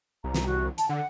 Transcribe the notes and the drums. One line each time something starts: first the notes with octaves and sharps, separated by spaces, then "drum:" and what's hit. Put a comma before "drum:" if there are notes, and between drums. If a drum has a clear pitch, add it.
C2 A#5
drum: snare
F#4
A5, drum: hi-hat
D3 F#5